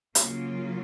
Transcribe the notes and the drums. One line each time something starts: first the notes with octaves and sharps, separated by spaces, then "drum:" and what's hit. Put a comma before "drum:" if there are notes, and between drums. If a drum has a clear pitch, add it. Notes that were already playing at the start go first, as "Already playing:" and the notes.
C#3 F#3 A#3 F4, drum: hi-hat